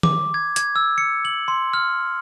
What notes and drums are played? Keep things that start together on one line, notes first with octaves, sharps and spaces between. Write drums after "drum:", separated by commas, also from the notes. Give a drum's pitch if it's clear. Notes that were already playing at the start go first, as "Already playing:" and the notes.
D6, drum: tom D#3
G#6
G#6, drum: hi-hat
E6
C#7
F#7
C6
F6